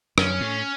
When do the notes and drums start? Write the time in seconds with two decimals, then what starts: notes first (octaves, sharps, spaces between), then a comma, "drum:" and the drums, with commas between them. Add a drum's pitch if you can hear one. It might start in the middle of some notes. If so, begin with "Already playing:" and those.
0.18 F#2 C#4, drum: rim click
0.41 A2